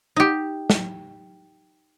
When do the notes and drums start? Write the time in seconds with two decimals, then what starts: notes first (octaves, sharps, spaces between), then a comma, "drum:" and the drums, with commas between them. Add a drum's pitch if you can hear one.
0.16 D#4 G4
0.70 drum: snare